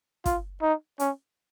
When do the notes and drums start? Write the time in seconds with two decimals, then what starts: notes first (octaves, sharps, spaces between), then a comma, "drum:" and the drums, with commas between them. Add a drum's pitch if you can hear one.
0.26 F4, drum: kick, hi-hat
0.62 D#4
0.99 C#4, drum: hi-hat